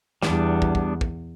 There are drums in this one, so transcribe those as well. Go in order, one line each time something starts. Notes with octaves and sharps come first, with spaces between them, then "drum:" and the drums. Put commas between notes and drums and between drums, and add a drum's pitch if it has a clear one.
E2 G3 B3 D4, drum: snare
drum: kick
drum: kick
drum: kick